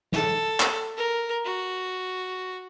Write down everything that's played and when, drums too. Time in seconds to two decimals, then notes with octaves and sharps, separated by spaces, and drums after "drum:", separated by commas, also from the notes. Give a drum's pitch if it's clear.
0.12 A4, drum: snare
0.60 drum: clap
0.97 A#4
1.45 F#4